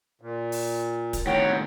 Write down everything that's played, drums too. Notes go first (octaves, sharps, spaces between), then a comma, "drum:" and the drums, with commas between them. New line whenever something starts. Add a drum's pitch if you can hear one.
A#2
drum: open hi-hat
drum: kick, hi-hat
A2 D#3 C#5 F#5 G5